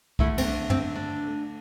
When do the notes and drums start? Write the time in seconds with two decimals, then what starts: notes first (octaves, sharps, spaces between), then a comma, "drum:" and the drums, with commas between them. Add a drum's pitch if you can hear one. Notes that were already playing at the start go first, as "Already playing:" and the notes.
0.19 D3 A3 E4, drum: kick
0.38 C4, drum: cymbal
0.44 D4
0.70 C4, drum: tom
0.95 D4